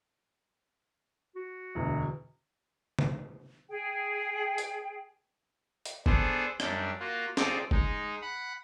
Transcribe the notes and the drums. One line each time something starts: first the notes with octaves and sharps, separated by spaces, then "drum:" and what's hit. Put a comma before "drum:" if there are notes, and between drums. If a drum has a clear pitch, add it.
F#4
E1 D2
drum: tom C3
G#4 G5
drum: hi-hat
drum: hi-hat
B3 D4 G#4 A4 C5, drum: kick
F#2 G3 D4, drum: rim click
A#3 F4 F#4
C4 D#4 F4 G#4 D5, drum: snare
G#3 D#4, drum: kick
F#5 B5